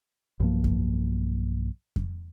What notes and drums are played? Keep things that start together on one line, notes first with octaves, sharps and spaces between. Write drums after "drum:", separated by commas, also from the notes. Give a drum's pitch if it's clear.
B1 G2 F3 A#3
drum: kick F2
drum: kick F2